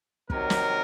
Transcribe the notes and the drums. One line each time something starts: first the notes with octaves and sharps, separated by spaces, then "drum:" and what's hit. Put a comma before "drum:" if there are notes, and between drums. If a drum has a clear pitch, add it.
C3 D#3 F#3 A#4, drum: kick
drum: snare